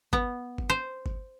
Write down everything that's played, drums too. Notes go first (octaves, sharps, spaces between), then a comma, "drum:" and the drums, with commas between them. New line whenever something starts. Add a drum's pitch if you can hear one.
B3, drum: kick G1
drum: kick G1
C5
drum: kick G1